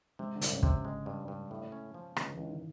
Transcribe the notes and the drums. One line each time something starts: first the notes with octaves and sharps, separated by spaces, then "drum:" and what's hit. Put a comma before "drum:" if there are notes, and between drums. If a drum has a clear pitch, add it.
C3 G#3
D3
C2, drum: hi-hat
C#3
C3, drum: kick
C#3
G#3
G2
G2
A2
C#4
F3
C#2 D3, drum: rim click
E3
C#2
D#3